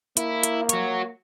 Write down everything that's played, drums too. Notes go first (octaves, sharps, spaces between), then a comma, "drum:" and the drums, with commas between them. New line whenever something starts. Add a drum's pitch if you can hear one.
A#3 E4, drum: hi-hat
drum: hi-hat
F#4 C#5, drum: hi-hat